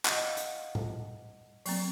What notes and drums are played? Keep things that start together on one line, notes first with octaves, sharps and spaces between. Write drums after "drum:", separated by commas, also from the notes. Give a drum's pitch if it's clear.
D#5 F#5, drum: clap
F5
drum: hi-hat
drum: tom A2
F#3 A#3 C4, drum: open hi-hat